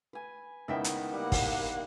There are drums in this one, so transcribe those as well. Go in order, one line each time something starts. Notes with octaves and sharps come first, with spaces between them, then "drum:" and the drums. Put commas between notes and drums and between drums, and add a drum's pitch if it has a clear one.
B4 G#5
C#2 D#3 B3 E4 E5 G5
drum: hi-hat
G3 A#3 F#5
drum: kick, open hi-hat